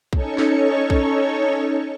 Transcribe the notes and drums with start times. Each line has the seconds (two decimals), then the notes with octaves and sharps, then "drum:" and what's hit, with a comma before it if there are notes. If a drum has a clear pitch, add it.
0.13 C#4 D#4 A4 C#5 C#6, drum: kick
0.38 drum: snare
0.90 drum: kick